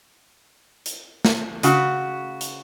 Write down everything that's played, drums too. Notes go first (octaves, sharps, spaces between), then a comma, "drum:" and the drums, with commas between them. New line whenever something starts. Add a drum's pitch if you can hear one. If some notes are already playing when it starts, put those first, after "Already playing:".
drum: hi-hat
drum: snare
C#3 F#4, drum: hi-hat
drum: hi-hat